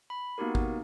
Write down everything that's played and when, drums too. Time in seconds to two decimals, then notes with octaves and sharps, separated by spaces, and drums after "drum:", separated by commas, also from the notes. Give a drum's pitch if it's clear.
0.10 B5
0.38 A#3 B3 D#4 F#4 G4 A#4
0.55 drum: kick G#1